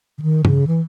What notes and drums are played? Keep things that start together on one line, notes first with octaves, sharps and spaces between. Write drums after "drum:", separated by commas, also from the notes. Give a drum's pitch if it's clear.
C#3
D#3
C#3, drum: tom
E3